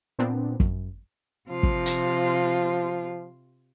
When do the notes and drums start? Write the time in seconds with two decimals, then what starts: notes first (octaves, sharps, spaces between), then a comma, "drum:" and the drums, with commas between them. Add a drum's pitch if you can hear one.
0.19 A#2 B3 C4 D4
0.60 F#2, drum: kick
1.49 C3 F3 F4
1.63 drum: kick
1.86 drum: hi-hat